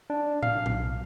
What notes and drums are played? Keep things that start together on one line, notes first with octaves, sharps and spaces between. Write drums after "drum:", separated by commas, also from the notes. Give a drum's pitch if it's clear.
D4
F5, drum: tom A2
B1, drum: tom A2